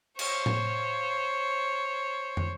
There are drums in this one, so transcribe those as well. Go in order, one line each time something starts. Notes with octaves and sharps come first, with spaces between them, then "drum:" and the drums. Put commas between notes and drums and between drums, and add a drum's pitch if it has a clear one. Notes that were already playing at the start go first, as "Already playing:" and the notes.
C5 C#5, drum: cymbal
drum: tom A2
drum: tom